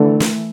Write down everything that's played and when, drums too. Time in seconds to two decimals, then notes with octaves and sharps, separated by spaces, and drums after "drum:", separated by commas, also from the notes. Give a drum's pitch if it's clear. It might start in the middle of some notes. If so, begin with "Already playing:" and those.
Already playing: D3 E3 A3
0.20 drum: snare